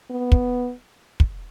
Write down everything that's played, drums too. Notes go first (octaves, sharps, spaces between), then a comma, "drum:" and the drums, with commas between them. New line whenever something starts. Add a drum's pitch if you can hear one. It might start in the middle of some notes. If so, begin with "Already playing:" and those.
B3
drum: kick
drum: kick